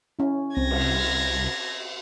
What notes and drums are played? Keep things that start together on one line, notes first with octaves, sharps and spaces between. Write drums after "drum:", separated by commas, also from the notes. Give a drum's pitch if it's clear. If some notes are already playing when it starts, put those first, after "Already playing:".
C#4 E4
C2 C4 G#6 A#6
drum: cymbal